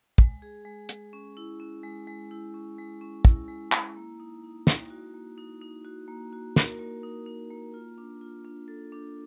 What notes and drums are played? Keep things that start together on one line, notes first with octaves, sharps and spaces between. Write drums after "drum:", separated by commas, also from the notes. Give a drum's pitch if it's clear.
G#3, drum: kick
G#4
G#3
G#3, drum: hi-hat
C#4
E4
C#4
G#3
G#3
E4
C#4
G#3
C#4
E4, drum: kick
G#3
E4, drum: clap
A#3
D#4
D#4
D#4, drum: snare
F#4
A#3
D#4
D#4
F#4
A#3
F#4
A#4, drum: snare
A#3
D#4
D#4
A#3
F4
D4
F4
D4
A4
D4